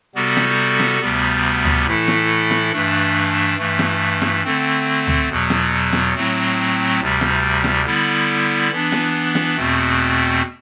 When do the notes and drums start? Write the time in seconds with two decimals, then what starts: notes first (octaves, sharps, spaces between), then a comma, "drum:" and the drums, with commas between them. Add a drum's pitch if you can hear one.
0.15 C3 G3 B3 F#4 A4
0.37 drum: snare
0.80 drum: snare
1.01 D2 C3 G3 B3
1.65 drum: tom C#2
1.86 A2 E3 A3 E4 A4
2.08 drum: snare
2.51 drum: snare
2.72 G2 E3 A3 D4
3.58 G2 E3 A3
3.79 drum: snare
4.22 drum: snare
4.44 D3 A3 C4
5.07 drum: tom C#2
5.28 E2 B2 F#3
5.50 drum: snare
5.93 drum: snare
6.15 A2 F#3 A3 C4
7.00 D2 C3 G3
7.21 drum: snare
7.64 drum: snare
7.85 D3 G3 B3 E4
8.71 E3 B3 D4
8.92 drum: snare
9.35 drum: snare
9.56 E2 B2 A3 C4